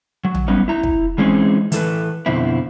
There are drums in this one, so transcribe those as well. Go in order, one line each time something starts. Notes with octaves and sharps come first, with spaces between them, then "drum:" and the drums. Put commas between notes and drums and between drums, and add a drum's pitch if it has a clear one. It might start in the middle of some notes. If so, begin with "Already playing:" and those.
F#3
drum: tom
G3 B3 C#4 D#4
E4 A#5
drum: kick
E3 G#3 C4 C#4 D#4 G#4
E3 A4 B4, drum: hi-hat
F2 B2 D3 F3 C4 E4